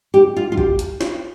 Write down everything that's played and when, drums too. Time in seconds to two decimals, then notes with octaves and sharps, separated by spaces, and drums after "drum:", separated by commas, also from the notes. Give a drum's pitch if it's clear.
0.14 G4
0.36 F4
0.52 F4
0.58 G4, drum: kick A1
0.79 drum: hi-hat
1.01 drum: snare